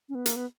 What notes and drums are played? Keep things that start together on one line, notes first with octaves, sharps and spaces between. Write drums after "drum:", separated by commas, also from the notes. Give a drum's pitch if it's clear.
C#4
B3
A#3, drum: hi-hat
B3